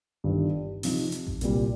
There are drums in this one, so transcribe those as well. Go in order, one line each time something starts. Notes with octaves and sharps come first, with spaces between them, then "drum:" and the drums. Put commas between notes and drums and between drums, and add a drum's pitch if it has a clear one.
G1 G2 D#3 G3
C3 F3 D#4, drum: open hi-hat
drum: hi-hat
drum: kick A1
C2 A#2 G3, drum: hi-hat